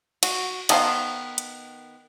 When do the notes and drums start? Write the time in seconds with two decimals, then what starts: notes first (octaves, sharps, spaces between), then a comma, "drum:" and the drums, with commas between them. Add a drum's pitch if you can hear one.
0.23 F#4, drum: cymbal
0.69 D#3 B3 A4 C5 F5, drum: cymbal
1.38 drum: hi-hat